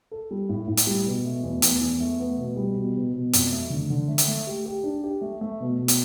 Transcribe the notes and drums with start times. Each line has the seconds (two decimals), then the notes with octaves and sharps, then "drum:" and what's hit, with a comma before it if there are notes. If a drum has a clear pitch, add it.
0.11 A4
0.31 G3
0.49 A2
0.67 A2
0.77 drum: hi-hat
0.87 G3
1.06 B2
1.25 A3
1.43 E2
1.62 E2, drum: hi-hat
1.81 E2
2.00 A3
2.20 B3
2.38 B2
2.57 G3
2.76 B2
2.95 B2
3.13 B2
3.33 F2, drum: hi-hat
3.51 A3
3.70 D3
3.90 D3
4.08 A3
4.18 drum: hi-hat
4.28 A3
4.47 G4
4.66 G4
4.84 D4
5.04 G4
5.21 A3
5.41 A3
5.60 B2
5.79 B2
5.88 drum: hi-hat